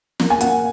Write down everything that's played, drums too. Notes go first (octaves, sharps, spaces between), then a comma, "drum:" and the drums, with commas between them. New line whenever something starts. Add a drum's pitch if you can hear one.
A#3, drum: snare
G#5
A#3 F#5, drum: hi-hat